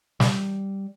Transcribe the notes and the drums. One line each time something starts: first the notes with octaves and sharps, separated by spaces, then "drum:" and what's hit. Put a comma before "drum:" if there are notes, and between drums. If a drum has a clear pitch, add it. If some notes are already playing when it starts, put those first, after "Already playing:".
G3, drum: snare